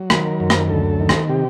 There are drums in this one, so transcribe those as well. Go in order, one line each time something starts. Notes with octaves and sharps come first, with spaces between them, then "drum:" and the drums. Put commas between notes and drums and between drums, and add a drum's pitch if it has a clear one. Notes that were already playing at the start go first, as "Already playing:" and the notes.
Already playing: F#3
D#3 A#4, drum: rim click
F#2
drum: rim click
D2 A4
D#3
drum: rim click
C3 G4